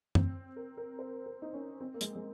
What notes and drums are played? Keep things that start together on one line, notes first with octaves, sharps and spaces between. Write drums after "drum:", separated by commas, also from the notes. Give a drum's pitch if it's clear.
C4, drum: tom F#2
A#4
A#4
C5
A#4
D#4
C#4
C4
A#3
G#3, drum: hi-hat
G#3